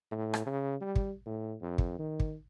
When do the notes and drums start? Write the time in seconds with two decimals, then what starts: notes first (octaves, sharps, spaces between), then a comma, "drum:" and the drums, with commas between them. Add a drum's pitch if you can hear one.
0.11 A2
0.34 drum: rim click
0.46 C#3
0.81 G3
0.96 drum: kick
1.26 A2
1.61 F2
1.78 drum: kick
1.99 D#3
2.20 drum: kick